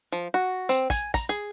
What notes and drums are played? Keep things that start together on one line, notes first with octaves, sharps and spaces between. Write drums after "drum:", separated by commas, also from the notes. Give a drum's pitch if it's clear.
F3
F#4
C4, drum: hi-hat
G#5, drum: kick, hi-hat
A#5, drum: kick, hi-hat
G#4